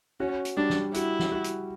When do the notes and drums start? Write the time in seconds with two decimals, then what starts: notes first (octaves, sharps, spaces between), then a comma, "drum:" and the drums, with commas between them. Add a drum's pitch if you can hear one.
0.20 C#4 F#4
0.45 drum: hi-hat
0.57 G3 D4
0.70 drum: snare
0.94 E4 F#4, drum: hi-hat
1.19 drum: snare
1.32 F#4
1.44 drum: hi-hat